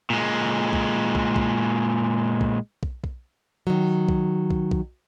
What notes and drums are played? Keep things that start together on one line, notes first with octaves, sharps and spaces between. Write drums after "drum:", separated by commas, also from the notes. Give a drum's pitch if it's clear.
A#2 G#3
drum: kick
drum: kick
drum: kick
drum: kick
drum: kick
drum: kick
D#3 F#3
drum: kick
drum: kick
drum: kick